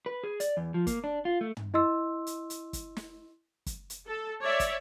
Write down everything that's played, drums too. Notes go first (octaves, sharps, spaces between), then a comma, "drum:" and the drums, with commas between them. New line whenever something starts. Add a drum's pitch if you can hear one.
B4
G#4
D5, drum: hi-hat
E2
F3
A#3, drum: kick, hi-hat
D4
F4
A3
drum: tom
E4 D#5 C6 E6
drum: hi-hat
drum: hi-hat
drum: kick, hi-hat
drum: snare
drum: kick, hi-hat
drum: hi-hat
A4
C#5 D5 E5
drum: kick, hi-hat